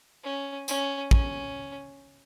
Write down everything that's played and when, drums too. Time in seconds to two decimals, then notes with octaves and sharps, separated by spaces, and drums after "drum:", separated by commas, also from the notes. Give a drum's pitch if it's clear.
0.23 C#4
0.68 C#4, drum: tambourine
1.11 C#4, drum: kick